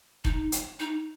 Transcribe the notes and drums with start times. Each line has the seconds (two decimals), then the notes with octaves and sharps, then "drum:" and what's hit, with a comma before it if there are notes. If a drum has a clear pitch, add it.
0.25 D#4, drum: kick F1
0.52 drum: hi-hat
0.80 D#4